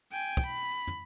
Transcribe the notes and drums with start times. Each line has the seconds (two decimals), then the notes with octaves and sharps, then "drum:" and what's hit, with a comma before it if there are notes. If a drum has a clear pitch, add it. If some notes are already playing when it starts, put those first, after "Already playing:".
0.12 G5 G#5
0.37 drum: kick
0.46 B5
0.87 drum: tom